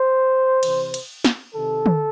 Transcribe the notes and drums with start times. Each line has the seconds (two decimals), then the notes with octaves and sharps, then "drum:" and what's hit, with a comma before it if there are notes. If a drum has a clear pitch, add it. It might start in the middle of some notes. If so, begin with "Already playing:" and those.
Already playing: C5
0.63 C3 E3, drum: cymbal
0.94 drum: cymbal
1.25 drum: snare
1.55 C3 D#3 A4
1.86 drum: tom